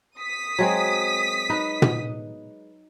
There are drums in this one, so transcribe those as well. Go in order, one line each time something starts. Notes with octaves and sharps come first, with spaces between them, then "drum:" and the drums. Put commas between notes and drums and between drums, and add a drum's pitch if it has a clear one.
D#6 B6
F#3 G#3 C4
D#4 B4 D#5
drum: tom